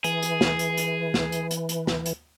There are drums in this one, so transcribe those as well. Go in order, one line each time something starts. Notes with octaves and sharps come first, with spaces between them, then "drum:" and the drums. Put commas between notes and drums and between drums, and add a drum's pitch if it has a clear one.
E3 G#4, drum: hi-hat
drum: hi-hat
drum: snare
drum: hi-hat
drum: hi-hat
drum: snare
drum: hi-hat
drum: hi-hat
drum: hi-hat
drum: snare
drum: hi-hat